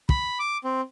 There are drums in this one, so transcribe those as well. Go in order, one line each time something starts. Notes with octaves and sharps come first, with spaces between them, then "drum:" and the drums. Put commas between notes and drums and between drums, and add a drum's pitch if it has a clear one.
B5, drum: kick
D6
C4